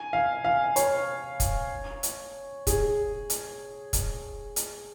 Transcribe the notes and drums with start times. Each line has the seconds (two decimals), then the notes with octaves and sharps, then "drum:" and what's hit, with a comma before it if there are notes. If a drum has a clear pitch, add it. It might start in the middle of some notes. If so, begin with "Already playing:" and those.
Already playing: G#5
0.13 F5
0.45 F5
0.76 C#5, drum: hi-hat
1.40 drum: kick, hi-hat
2.03 drum: hi-hat
2.67 G#4, drum: kick, hi-hat
3.30 drum: hi-hat
3.93 drum: kick, hi-hat
4.56 drum: hi-hat